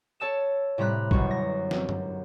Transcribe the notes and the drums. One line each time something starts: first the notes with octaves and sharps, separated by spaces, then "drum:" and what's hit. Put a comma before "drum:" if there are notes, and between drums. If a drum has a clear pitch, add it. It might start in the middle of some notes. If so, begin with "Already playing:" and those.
A4 C#5 A5 E6 E7
A2 C3 G3 A#5 B5 F#6
G1 F#2 B2 F#3 C#6, drum: kick
A#6
drum: snare
drum: tom G2